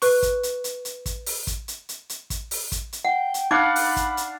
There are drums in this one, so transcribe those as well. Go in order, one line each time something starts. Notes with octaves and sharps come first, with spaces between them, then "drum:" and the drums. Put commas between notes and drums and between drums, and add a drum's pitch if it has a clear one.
B4 C#6, drum: open hi-hat
drum: kick, hi-hat
drum: hi-hat
drum: hi-hat
drum: hi-hat
drum: kick, hi-hat
drum: open hi-hat
drum: kick, hi-hat
drum: hi-hat
drum: hi-hat
drum: hi-hat
drum: kick, hi-hat
drum: open hi-hat
drum: kick, hi-hat
drum: hi-hat
F#5 G5
drum: hi-hat
D4 D#4 F5 F#5 B5 D6
drum: open hi-hat
drum: kick, hi-hat
drum: hi-hat